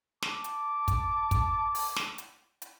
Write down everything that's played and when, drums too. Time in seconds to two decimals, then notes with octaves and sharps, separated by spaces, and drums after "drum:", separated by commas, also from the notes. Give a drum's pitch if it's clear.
0.22 A5 D6, drum: snare
0.44 drum: hi-hat
0.88 drum: kick, hi-hat
1.31 drum: kick, hi-hat
1.75 drum: open hi-hat
1.96 drum: snare
2.18 drum: hi-hat
2.62 drum: hi-hat